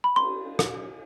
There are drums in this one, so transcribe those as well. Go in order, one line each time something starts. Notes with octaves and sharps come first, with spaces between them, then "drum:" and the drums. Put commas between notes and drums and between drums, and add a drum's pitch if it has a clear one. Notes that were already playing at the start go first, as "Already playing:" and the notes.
B5
C6, drum: cymbal
drum: rim click